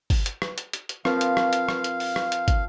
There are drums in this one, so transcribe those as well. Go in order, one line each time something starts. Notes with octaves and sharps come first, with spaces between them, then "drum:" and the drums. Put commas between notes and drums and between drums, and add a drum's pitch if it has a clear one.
drum: kick, open hi-hat
drum: hi-hat
drum: rim click
drum: hi-hat
drum: hi-hat
drum: hi-hat
F3 C4 A#4 B4 F5, drum: rim click
drum: hi-hat
drum: rim click
drum: hi-hat
drum: rim click
drum: hi-hat
drum: open hi-hat
drum: rim click
drum: hi-hat
drum: kick, hi-hat